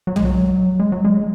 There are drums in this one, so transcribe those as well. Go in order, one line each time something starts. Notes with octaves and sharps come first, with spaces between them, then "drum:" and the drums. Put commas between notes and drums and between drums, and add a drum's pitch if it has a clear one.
F#3
G#3, drum: tom
F#3
G#3
F#3
G#3